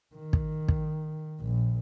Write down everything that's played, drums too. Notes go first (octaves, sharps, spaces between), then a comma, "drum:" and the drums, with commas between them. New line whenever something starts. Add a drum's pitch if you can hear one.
D#3
drum: kick
drum: kick
A#1